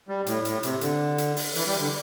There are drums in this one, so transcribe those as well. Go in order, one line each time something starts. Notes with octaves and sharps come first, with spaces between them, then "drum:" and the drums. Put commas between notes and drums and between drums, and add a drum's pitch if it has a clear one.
G3
A2, drum: hi-hat
A2, drum: hi-hat
C3, drum: hi-hat
D3, drum: hi-hat
drum: hi-hat
drum: open hi-hat
E3, drum: open hi-hat
G3
D3